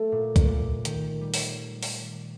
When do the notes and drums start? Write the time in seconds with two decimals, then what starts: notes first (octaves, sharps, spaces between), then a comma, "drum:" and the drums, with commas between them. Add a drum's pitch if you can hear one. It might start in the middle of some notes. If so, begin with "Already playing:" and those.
Already playing: A3
0.12 A#2
0.36 drum: kick, hi-hat
0.48 A#2
0.85 D#3, drum: hi-hat
1.21 G3
1.34 drum: open hi-hat
1.83 drum: open hi-hat